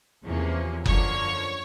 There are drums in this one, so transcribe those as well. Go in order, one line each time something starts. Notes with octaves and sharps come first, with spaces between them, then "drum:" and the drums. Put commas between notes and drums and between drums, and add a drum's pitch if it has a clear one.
E2 C3 F3 A#3 C#4
F#2 D3 F3 A#3 C#5, drum: kick F#1